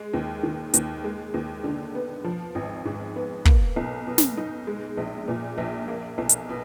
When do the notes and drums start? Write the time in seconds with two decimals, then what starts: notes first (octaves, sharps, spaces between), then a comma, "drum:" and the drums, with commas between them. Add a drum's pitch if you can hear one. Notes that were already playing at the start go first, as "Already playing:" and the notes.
Already playing: G#3
0.14 D#2
0.43 D#3
0.74 D#2, drum: hi-hat
1.04 G#3
1.34 D#2
1.64 D3
1.95 B3
2.24 F3
2.55 G#1
2.85 G#2
3.16 B3
3.45 A#3, drum: kick
3.76 B1
4.07 B2
4.18 drum: snare
4.37 D#4
4.67 G#3
4.97 A#1
5.28 A#2
5.58 A#1
5.88 A#3
6.18 B1
6.29 drum: hi-hat
6.49 B2